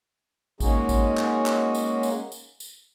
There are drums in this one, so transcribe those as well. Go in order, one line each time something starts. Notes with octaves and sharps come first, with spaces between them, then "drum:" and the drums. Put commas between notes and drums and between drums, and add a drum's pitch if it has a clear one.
G#3 A#3 C#4 D#4 F#4 G#4, drum: kick A1, tambourine
drum: kick A1, tambourine
drum: clap
drum: clap
drum: tambourine
drum: tambourine
drum: tambourine
drum: tambourine